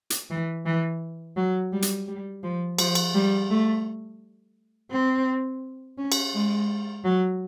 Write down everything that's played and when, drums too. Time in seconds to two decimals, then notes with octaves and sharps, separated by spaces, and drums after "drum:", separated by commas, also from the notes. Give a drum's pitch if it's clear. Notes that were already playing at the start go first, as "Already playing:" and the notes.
0.10 drum: hi-hat
0.30 E3
0.66 E3
1.37 F#3
1.73 G3
1.82 drum: hi-hat
2.08 G3
2.43 F3
2.79 F3, drum: cymbal
2.95 drum: cymbal
3.14 G3
3.50 A3
4.91 C4
5.98 C#4
6.12 drum: cymbal
6.33 G#3
7.04 F#3